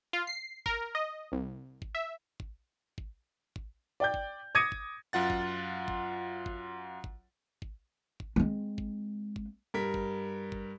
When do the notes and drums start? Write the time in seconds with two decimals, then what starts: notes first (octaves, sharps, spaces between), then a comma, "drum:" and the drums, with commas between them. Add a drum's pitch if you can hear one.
0.13 F4
0.27 C7
0.66 A#4, drum: kick
0.95 D#5
1.32 C2
1.82 drum: kick
1.95 E5
2.40 drum: kick
2.98 drum: kick
3.56 drum: kick
4.00 D5 G5 G6
4.14 drum: kick
4.55 D6 D#6 G#6 A#6 C#7 D#7
4.72 drum: kick
5.13 F#2 F4 F#5 A6
5.30 drum: kick
5.88 drum: kick
6.46 drum: kick
7.04 drum: kick
7.62 drum: kick
8.20 drum: kick
8.36 G#3 C4
8.78 drum: kick
9.36 drum: kick
9.74 G2 A#4 B6
9.94 drum: kick
10.52 drum: kick